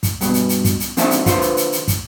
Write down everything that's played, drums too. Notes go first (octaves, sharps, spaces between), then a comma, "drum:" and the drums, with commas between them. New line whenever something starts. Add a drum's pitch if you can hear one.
drum: kick, hi-hat
G2 B2, drum: hi-hat
drum: hi-hat
drum: hi-hat
drum: kick, hi-hat
drum: hi-hat
E3 C4 D4 D#4 E5 A5, drum: hi-hat
drum: hi-hat
D3 F4 B4 C5, drum: kick, hi-hat
drum: hi-hat
drum: hi-hat
drum: hi-hat
drum: kick, hi-hat